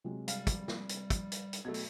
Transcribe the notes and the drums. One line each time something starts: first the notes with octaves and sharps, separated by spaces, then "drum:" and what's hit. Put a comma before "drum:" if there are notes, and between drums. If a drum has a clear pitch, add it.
C3 F#3 G#3
G3 F5, drum: hi-hat
drum: kick, hi-hat
drum: snare
drum: hi-hat
drum: kick, hi-hat
drum: hi-hat
drum: hi-hat
B2 F#3 A3 G#6
drum: open hi-hat